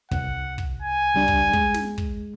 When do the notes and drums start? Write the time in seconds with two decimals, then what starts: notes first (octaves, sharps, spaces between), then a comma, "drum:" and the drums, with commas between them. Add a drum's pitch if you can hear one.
0.11 C2 F#5, drum: kick
0.58 drum: kick
0.82 G#5
1.14 C#2 G3 D4
1.28 drum: kick
1.53 G#3, drum: kick
1.74 drum: snare
1.98 drum: kick